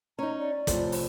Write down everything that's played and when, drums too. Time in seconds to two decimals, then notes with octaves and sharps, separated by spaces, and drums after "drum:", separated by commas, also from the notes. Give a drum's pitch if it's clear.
0.19 C#4 D#4 A#5
0.39 D5
0.67 A2 C3 F3, drum: kick, hi-hat
0.92 drum: open hi-hat